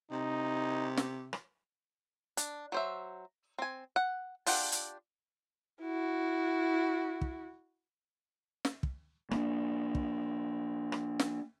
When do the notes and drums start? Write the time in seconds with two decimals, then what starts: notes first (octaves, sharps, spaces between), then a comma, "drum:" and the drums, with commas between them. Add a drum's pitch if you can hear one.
0.12 C3 D#4
0.97 drum: snare
1.33 drum: rim click
2.37 D4, drum: hi-hat
2.72 F#3 C5 E5
3.58 C4 G#5
3.96 F#5
4.46 D4 F4 G4 F#5, drum: open hi-hat
4.72 drum: hi-hat
5.82 E4 F#4
7.21 drum: kick
8.65 drum: snare
8.83 drum: kick
9.31 A#3 C#4 D4, drum: rim click
9.95 drum: kick
10.92 drum: rim click
11.19 drum: snare